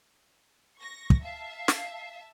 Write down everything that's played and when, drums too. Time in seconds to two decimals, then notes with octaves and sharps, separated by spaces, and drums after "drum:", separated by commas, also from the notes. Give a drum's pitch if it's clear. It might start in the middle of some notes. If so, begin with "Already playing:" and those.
0.81 C#6 A#6
1.10 drum: kick
1.23 E5 F5 A5
1.68 drum: snare